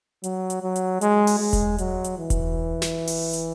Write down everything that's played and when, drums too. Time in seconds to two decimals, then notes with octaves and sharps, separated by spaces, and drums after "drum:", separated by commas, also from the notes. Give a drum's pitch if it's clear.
0.24 F#3, drum: hi-hat
0.50 drum: hi-hat
0.63 F#3
0.76 drum: hi-hat
1.01 G#3, drum: hi-hat
1.27 drum: open hi-hat
1.40 G#3
1.53 drum: kick E1, hi-hat
1.78 F#3, drum: hi-hat
2.04 drum: hi-hat
2.18 E3
2.30 drum: kick E1, hi-hat
2.82 drum: snare
3.07 drum: open hi-hat
3.33 drum: hi-hat